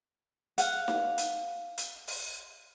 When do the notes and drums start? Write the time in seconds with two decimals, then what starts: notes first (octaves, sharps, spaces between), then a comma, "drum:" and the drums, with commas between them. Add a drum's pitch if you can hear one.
0.58 F5 F#5, drum: hi-hat
0.88 drum: snare D#4
1.18 drum: hi-hat
1.78 drum: hi-hat
2.07 drum: open hi-hat